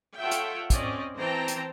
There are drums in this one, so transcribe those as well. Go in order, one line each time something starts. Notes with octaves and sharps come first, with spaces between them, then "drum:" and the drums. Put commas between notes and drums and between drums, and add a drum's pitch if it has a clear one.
F4 A4 C#5 E5 F#5 G5
drum: hi-hat
C4 C#4 D5 D#5, drum: kick, hi-hat
E3 C4 C5 G5 A5 A#5
drum: hi-hat